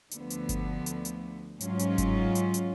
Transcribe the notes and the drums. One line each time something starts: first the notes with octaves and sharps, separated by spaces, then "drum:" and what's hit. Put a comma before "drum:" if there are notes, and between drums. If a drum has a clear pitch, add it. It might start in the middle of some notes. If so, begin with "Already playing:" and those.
D2 D3 F3 B3, drum: hi-hat
drum: hi-hat
drum: kick G1, hi-hat
drum: hi-hat
drum: hi-hat
G#2 F#3 C#4 F4, drum: hi-hat
drum: hi-hat
drum: kick G1, hi-hat
drum: hi-hat
drum: hi-hat